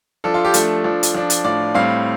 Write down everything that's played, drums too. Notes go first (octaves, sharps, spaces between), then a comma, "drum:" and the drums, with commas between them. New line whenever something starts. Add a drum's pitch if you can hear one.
F3 D4 A4
F4
G4
F3 A3 D4 A4, drum: hi-hat
F3 D4
drum: hi-hat
F3 D4
drum: hi-hat
A2 F3 D4 D5
A2 G3 C4 F5